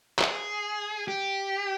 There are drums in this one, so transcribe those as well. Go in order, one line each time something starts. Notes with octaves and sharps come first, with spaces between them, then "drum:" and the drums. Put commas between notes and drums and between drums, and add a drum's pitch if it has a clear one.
G#4, drum: clap
G4